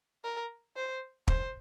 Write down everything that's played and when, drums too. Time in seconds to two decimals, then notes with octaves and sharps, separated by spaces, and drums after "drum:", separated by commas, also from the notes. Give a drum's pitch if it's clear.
0.24 A#4
0.76 C5
1.28 C5, drum: kick